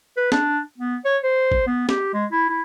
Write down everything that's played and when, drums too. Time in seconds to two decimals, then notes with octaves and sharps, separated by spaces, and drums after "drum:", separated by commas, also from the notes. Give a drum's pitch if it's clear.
0.17 B4
0.32 D4, drum: snare
0.78 B3
1.05 C#5
1.23 C5
1.51 drum: kick G#1
1.67 B3
1.89 G4, drum: snare
2.14 G#3
2.32 E4
2.50 E4